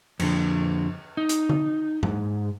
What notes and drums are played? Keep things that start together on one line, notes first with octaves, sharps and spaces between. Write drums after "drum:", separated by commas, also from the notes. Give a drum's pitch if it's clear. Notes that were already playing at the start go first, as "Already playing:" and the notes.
F2 D3, drum: cymbal
D#4
drum: hi-hat
drum: tom D3
G#2, drum: tom G#2